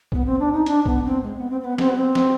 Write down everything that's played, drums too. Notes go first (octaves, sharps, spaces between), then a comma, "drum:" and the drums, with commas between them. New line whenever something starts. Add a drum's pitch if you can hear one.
B3, drum: kick
C4
D4
D#4
D4, drum: hi-hat
B3, drum: kick
C4
G#3
B3
C4
C4
B3
C4, drum: snare
B3
C4
drum: snare